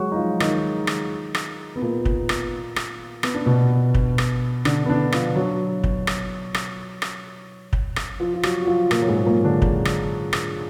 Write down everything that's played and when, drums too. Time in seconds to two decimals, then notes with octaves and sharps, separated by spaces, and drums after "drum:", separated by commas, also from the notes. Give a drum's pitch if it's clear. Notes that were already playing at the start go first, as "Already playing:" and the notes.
Already playing: F#3 G#3 F#4 G#4
0.12 D#4
0.16 F3 F4
0.40 D#3 D#4, drum: rim click
0.87 drum: rim click
1.34 drum: rim click
1.76 B3
1.82 A#2 A#3
2.05 drum: kick
2.29 drum: rim click
2.76 drum: rim click
3.23 B3, drum: rim click
3.35 D4
3.46 B2 B3
3.94 drum: kick
4.18 drum: rim click
4.65 D3 D4, drum: rim click
4.86 B3
4.89 D3 D4
5.12 F3 F4, drum: rim click
5.36 F#3 F#4
5.84 drum: kick
6.07 drum: rim click
6.54 drum: rim click
7.02 drum: rim click
7.73 drum: kick
7.96 drum: rim click
8.20 F3 F4
8.34 F4
8.43 F#3 F#4, drum: rim click
8.62 F#4
8.67 F3 F4
8.91 A#2 A#3, drum: rim click
9.02 F#3
9.08 G#2 G#3
9.26 A#2 A#3
9.44 D3 D4
9.62 drum: kick
9.85 drum: rim click
10.33 drum: rim click